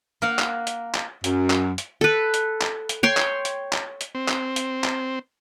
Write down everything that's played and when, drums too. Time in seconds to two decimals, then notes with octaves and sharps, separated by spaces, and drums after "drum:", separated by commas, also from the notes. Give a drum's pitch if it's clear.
0.22 A#3 A#4 F5 F#5
0.39 drum: clap
0.67 drum: hi-hat
0.95 drum: clap
1.24 F#2, drum: hi-hat
1.50 drum: clap
1.78 drum: hi-hat
2.01 A4 B4
2.34 drum: hi-hat
2.62 drum: clap
2.89 drum: hi-hat
3.03 C#5 G5 C6
3.17 drum: clap
3.45 drum: hi-hat
3.73 drum: clap
4.01 drum: hi-hat
4.15 C4
4.28 drum: clap
4.56 drum: hi-hat
4.84 drum: clap